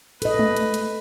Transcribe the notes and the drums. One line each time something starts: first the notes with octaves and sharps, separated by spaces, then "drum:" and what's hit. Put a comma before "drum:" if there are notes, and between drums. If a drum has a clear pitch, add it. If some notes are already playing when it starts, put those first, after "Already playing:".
A4 B4 D#5, drum: hi-hat
drum: tom G#3
drum: hi-hat
drum: hi-hat